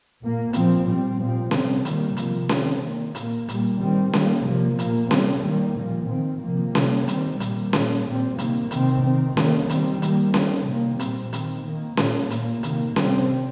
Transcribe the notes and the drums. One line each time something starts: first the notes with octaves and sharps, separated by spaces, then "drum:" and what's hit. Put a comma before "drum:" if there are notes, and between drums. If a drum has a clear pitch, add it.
A#2 A#3
A#2 F3 C4, drum: hi-hat
A#2 G3 C4
A#2 F3 C4
C3 G3 C4, drum: snare C#4
D#3 G3 A#3, drum: hi-hat
C3 F3 A#3, drum: hi-hat
D#3 C4, drum: snare C#4
D#3 A#3
A#2 A#3, drum: hi-hat
A#2 G3 A#3, drum: hi-hat
D#3 G3 C4
D#3 G3 A#3, drum: snare C#4
C3 F3 A#3
A#2 A#3, drum: hi-hat
C3 G3 C4, drum: snare C#4
D#3 G3 A#3
A#2 F3 A#3
D#3 C4
C3 F3 A#3
C3 G3 A#3, drum: snare C#4
D#3 G3 C4, drum: hi-hat
A#2 G3 A#3, drum: hi-hat
A#2 A#3, drum: snare C#4
A#2 G3 C4
C3 D#3 A#3, drum: hi-hat
C3 D#3 C4, drum: hi-hat
D#3 C4
D#3 A#3, drum: snare C#4
D#3 G3 C4, drum: hi-hat
D#3 G3 A#3, drum: hi-hat
D#3 C4, drum: snare C#4
C3 D#3 A#3
A#2 G3 C4, drum: hi-hat
D#3 C4, drum: hi-hat
D#3 A#3
A#2 A#3, drum: snare C#4
A#2 A#3, drum: hi-hat
C3 D#3 A#3, drum: hi-hat
C3 G3 C4, drum: snare C#4